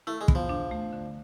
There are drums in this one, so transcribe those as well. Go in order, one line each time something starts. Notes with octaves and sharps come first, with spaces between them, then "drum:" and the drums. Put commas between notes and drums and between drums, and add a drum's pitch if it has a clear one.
A3 E4
G#3
B3, drum: kick
F3
D4
A3
D3